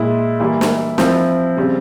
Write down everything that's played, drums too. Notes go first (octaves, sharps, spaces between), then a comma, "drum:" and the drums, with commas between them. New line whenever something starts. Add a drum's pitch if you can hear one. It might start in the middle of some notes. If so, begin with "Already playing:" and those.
Already playing: A#2 G#3 E4
E3 G3 A#3 E4
drum: snare
F3 C4 E4, drum: snare
C#3 G3 C4